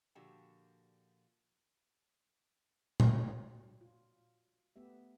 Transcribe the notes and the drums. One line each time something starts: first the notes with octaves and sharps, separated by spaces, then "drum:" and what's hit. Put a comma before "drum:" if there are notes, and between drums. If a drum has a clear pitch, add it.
A#2 D3 F3 F#4 G4 A5
drum: tom A#2
F#4 C#5 D5
F4
A3 B3 G4 E5